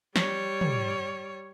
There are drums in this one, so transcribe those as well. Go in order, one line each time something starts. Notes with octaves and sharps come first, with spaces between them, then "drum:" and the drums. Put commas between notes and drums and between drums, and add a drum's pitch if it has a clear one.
G3 C#5, drum: snare
drum: tom